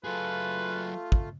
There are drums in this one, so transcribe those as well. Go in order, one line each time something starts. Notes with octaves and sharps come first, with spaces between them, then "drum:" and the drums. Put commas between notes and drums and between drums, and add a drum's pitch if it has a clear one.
F#3 A3 F4 G#4 B4
drum: kick